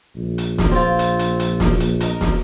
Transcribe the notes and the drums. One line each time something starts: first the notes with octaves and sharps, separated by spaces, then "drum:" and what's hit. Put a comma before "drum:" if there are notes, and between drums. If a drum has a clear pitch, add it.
A#1
drum: hi-hat
drum: snare
C4 F4
drum: hi-hat
drum: hi-hat
drum: hi-hat
drum: snare
drum: hi-hat
A#4 D#5, drum: hi-hat
drum: snare